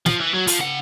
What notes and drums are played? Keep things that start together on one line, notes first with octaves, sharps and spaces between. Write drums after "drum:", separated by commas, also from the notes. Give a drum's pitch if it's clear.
F3, drum: snare
E3
F#3
F3, drum: open hi-hat
C#3 F#5